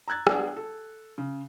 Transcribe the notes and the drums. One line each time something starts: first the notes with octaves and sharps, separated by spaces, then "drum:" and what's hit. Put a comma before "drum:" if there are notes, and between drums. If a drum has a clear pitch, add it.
A#5 E6 F#6 G#6 A6
B3 D4 G#4 D5 F#5, drum: rim click
A4
C#3